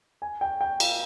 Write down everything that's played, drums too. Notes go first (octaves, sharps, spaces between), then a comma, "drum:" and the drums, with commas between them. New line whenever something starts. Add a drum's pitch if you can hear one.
G#5
G5
G5
F5, drum: cymbal